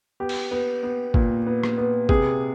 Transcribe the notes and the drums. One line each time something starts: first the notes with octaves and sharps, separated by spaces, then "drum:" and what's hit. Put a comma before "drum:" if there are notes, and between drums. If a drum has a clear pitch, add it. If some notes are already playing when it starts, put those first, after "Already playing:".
B3 G4
drum: cymbal
B3
B3
A#2, drum: kick
B3
drum: rim click
B3
C3 G#4, drum: kick